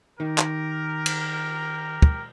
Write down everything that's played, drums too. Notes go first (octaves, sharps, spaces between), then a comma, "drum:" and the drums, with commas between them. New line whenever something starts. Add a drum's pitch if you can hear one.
D#3 G4 A#4
drum: clap
drum: cymbal
drum: kick